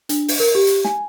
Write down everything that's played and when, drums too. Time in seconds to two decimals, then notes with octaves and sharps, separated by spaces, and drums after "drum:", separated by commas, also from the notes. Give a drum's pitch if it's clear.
0.09 D4, drum: hi-hat
0.28 drum: open hi-hat
0.40 A#4
0.55 G4
0.67 drum: hi-hat
0.85 G#5, drum: snare